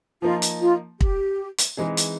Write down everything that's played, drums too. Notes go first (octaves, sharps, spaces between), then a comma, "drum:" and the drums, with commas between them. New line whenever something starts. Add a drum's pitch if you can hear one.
F3 A#3 D#4 F4
drum: hi-hat
F4
G4, drum: kick
drum: hi-hat
E3 G#3 C4 D#4 G#4
drum: hi-hat